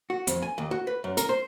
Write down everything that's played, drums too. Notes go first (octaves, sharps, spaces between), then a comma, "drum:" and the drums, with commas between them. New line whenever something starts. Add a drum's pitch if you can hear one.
F#4
F2, drum: hi-hat
G#5
D#2
F#4
B4
F#2
A#4, drum: hi-hat
C5